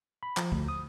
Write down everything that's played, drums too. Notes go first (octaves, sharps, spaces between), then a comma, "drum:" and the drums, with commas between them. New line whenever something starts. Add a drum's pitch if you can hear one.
B5
F3, drum: clap
D2, drum: kick
D#6